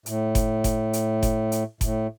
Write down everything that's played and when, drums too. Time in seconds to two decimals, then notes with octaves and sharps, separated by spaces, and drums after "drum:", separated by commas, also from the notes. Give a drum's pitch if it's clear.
0.06 A2, drum: hi-hat
0.35 drum: kick F#1, hi-hat
0.64 drum: kick F#1, hi-hat
0.93 drum: hi-hat
1.23 drum: kick F#1, hi-hat
1.52 drum: hi-hat
1.81 A2, drum: kick F#1, hi-hat